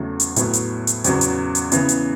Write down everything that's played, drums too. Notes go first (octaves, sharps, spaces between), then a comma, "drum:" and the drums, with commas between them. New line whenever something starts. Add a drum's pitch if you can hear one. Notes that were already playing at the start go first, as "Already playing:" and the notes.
Already playing: E2 C#3 F#3 A3
drum: hi-hat
A2 F#3 B3, drum: hi-hat
drum: hi-hat
drum: hi-hat
E2 C#3 F#3 B3, drum: hi-hat
drum: hi-hat
drum: hi-hat
C#3 E3 B3, drum: hi-hat
drum: hi-hat